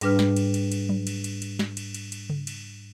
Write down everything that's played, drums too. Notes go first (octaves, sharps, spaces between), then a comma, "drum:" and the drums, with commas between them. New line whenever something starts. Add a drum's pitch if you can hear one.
G#2 G3 D4 B4 F6, drum: cymbal
drum: snare
drum: cymbal
drum: cymbal
drum: cymbal
drum: tom F#3
drum: cymbal
drum: cymbal
drum: cymbal
drum: snare
drum: cymbal
drum: cymbal
drum: cymbal
drum: tom C#3
drum: cymbal